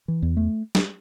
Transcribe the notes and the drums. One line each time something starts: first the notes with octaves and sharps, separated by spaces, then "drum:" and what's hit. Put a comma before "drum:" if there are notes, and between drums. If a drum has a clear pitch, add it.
E3
E2
A3
drum: snare